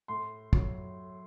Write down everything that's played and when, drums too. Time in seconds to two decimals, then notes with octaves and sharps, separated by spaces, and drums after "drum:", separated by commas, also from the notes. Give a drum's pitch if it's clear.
0.08 A2 C6
0.53 F#3, drum: kick